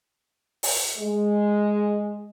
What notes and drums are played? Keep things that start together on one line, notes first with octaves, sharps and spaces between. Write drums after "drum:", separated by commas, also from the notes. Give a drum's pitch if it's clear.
drum: open hi-hat
G#3